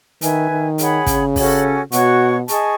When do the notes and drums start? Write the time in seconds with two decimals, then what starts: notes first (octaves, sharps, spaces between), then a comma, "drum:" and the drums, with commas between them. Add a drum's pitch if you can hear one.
0.21 D#3 B4 E5 G#5, drum: hi-hat
0.50 D#3
0.78 G#4 C#5 F#5 B5, drum: hi-hat
1.06 C#3, drum: kick, hi-hat
1.36 C#4 F#4 A4, drum: kick, open hi-hat
1.92 B2 F#4 C#5 F#5 C#6, drum: hi-hat
2.48 G#4 D#5 A5 C#6, drum: hi-hat